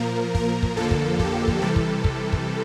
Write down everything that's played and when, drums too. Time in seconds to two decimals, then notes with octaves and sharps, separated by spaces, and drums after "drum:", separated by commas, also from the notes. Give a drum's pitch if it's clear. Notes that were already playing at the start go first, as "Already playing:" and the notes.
Already playing: A#2 F3 A#3 A#4
0.35 A#4, drum: kick
0.63 drum: kick
0.76 F2 D3 F3 A#3 A4
0.91 drum: kick
1.19 G4, drum: kick
1.48 drum: kick
1.62 C3 E3 G3 A4
1.76 drum: kick
2.04 drum: kick
2.33 drum: kick